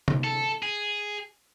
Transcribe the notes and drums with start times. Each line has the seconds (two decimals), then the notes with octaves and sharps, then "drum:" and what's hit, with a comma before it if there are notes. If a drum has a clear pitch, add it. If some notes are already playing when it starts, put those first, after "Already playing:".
0.08 drum: tom C3
0.24 A4
0.63 G#4